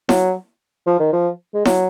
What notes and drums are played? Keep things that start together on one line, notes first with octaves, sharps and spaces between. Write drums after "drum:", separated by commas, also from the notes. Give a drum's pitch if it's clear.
F#3, drum: snare E4
F3
D#3
F3
G#3
F#3, drum: snare E4